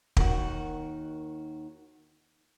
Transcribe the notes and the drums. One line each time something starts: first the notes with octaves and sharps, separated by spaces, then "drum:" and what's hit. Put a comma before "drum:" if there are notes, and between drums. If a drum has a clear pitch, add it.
D#2 D#3 F#4, drum: kick